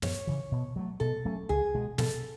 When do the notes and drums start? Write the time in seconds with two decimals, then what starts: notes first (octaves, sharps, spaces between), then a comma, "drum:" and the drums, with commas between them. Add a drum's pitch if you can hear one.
0.02 F#2 C#5, drum: snare
0.27 C#3 E3
0.52 B2
0.76 F#3 A3
1.00 B2 A4
1.25 F#3 A3 C#4
1.49 C#2 G#4
1.74 B2 G#3
1.98 B2 A4, drum: snare